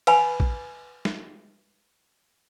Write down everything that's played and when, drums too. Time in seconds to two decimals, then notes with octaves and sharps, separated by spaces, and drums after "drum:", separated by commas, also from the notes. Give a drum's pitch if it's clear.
0.07 B4 F5 G#5 B5, drum: cymbal
0.40 drum: kick
1.05 drum: snare